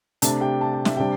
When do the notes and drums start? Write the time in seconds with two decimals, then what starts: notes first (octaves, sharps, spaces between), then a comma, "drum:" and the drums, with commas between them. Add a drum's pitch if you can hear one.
0.22 C3 A3 D4 A4 A5, drum: hi-hat
0.41 G4 G5
0.61 A5
0.73 G5
0.85 E5, drum: snare
0.97 C3 G3 D4 G4 G5